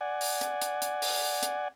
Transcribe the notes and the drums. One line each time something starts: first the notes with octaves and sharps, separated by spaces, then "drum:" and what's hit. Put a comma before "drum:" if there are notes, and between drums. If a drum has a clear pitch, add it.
D5 F#5 G#5
drum: open hi-hat
drum: hi-hat
drum: hi-hat
drum: hi-hat
drum: open hi-hat
drum: hi-hat